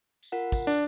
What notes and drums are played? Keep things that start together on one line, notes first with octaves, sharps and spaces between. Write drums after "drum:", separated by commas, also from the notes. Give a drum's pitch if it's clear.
drum: tambourine
F4 A#4 F#5
drum: kick, tambourine
D4, drum: tambourine